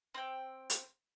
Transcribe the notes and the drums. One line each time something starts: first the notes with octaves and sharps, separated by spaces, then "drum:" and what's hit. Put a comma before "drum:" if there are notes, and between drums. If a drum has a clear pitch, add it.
C4 G5
drum: hi-hat